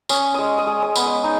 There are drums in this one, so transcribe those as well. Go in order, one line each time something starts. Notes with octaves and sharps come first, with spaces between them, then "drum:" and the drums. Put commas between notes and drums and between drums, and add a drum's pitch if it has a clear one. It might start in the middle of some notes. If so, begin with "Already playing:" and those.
C#4 D#6, drum: tambourine
G#3 D#6
D#6
G#3
D#6
B3, drum: tambourine
D#6
D#4